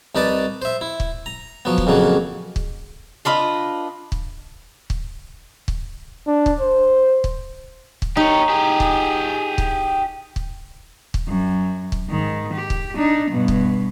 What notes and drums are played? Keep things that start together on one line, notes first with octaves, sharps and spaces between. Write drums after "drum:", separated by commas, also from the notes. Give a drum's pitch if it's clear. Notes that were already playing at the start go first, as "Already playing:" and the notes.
C2 D#4 B4 D5 A5
C5 E5
E4
drum: kick
A#5
F3 F#3 B3
drum: kick
F2 C#3 F#3 A#3
drum: kick
D4 F4 B4 D#5
drum: kick
drum: kick
drum: kick
D4
drum: kick
C5
drum: kick
drum: kick
D#4 G4 C#5
G4 G#4
drum: kick
drum: kick
drum: kick
drum: kick
F#2
drum: kick
G#2 D#3
G4
drum: kick
D4 D#4
G2 B2
drum: kick